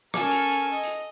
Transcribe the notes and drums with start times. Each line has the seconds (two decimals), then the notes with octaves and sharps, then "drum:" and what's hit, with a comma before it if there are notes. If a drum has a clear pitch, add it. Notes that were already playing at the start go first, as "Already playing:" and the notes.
0.14 C#4 A4 A#4 G#5, drum: rim click
0.31 drum: hi-hat
0.49 drum: hi-hat
0.71 D#5
0.83 drum: hi-hat